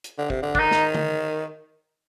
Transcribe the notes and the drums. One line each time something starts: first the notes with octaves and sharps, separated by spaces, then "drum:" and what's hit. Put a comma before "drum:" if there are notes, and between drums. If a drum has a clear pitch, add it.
drum: hi-hat
D3
C3, drum: kick
D3
D4, drum: kick
D#3 D#4
drum: snare
drum: tom D3